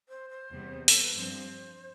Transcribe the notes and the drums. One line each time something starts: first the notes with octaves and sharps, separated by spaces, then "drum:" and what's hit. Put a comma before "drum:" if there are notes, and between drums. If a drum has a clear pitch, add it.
C5
C5
E2 C3 G3 B3
A4, drum: open hi-hat
B4
G2 F3 C4 C5